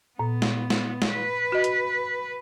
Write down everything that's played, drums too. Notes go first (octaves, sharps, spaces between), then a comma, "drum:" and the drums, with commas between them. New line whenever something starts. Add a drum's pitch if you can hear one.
A#2 B3
drum: snare
drum: snare
drum: snare
B4
F#4 D#5
drum: hi-hat